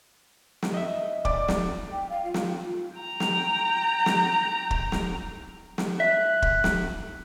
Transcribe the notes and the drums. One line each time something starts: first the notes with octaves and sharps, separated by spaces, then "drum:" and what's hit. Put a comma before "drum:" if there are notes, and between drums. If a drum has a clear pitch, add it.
drum: snare
D#5 E5
D5 D6, drum: kick
drum: snare
G5
F5
F4
drum: snare
G5 A#5
drum: snare
drum: snare
drum: kick
drum: snare
drum: snare
E5 F#6
drum: kick
drum: snare